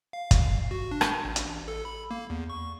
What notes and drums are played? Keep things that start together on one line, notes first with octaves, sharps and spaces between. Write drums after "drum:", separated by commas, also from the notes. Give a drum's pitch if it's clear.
F5
drum: kick, hi-hat
F#4
D4
drum: rim click
A1
drum: hi-hat
A4
B5
A#3
E2
C#6